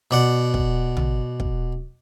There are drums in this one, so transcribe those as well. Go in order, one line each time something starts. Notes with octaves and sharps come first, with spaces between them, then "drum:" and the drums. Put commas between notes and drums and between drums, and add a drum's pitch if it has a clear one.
B2 D5 F#5
drum: kick
drum: tom
drum: kick